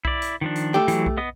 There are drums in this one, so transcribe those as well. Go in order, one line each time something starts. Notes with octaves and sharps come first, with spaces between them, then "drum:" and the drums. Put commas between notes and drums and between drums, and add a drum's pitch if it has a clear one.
E4 D5, drum: kick B1
drum: hi-hat
D#3 F3 D4
drum: hi-hat
A3 G4
E3 F#3, drum: hi-hat
drum: kick B1
B3 D#5 D#6